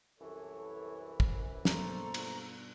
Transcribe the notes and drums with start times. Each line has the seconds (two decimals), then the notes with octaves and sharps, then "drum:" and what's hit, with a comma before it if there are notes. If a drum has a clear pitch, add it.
0.19 C2 F#2 E3 A4 C#5
1.20 drum: kick
1.65 G2 B2 A#3 A4 C5 A#5 C#6, drum: snare
2.14 drum: cymbal